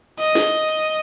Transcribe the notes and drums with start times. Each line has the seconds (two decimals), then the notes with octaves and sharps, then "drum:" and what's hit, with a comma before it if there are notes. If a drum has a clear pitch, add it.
0.19 D#5
0.35 drum: snare
0.69 drum: hi-hat